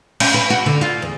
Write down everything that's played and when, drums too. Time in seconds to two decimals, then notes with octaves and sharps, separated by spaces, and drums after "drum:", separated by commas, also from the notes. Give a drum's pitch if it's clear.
0.20 C#4, drum: cymbal
0.34 B4
0.50 F#4
0.66 D3
0.81 F4
1.02 E2